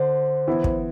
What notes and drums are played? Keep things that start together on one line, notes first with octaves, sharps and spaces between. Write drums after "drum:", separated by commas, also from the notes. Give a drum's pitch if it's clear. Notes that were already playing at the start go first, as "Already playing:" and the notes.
Already playing: D3 C5
E3 B3 E4
drum: kick